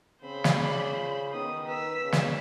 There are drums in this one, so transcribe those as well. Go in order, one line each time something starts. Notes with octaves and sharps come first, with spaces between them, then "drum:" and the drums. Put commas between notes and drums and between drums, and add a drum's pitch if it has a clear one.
C#3 C4 C5 B5
drum: snare
D5
F4
D#3 B3 D#6
B4 E6 B6
C#3
drum: snare